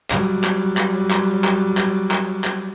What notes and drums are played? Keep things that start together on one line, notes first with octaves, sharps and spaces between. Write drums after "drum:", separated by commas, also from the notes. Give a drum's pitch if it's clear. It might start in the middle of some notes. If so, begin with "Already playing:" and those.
F#3 G3, drum: clap
drum: clap
drum: clap
drum: clap
drum: clap
drum: clap
drum: clap
drum: clap